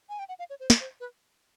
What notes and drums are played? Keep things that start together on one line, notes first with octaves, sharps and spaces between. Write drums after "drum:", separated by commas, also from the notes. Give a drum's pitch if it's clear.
G#5
G5
F#5
F5
C#5
C5
drum: snare
C5
B4